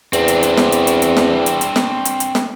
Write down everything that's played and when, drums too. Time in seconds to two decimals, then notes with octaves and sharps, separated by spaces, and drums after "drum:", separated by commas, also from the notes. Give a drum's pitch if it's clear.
0.13 E2 C4 D4, drum: hi-hat
0.28 drum: hi-hat
0.43 drum: hi-hat
0.58 drum: snare
0.72 drum: hi-hat
0.87 drum: hi-hat
1.02 drum: hi-hat
1.17 drum: snare
1.46 drum: hi-hat
1.61 drum: hi-hat
1.76 drum: snare
2.05 drum: hi-hat
2.20 drum: hi-hat
2.35 drum: snare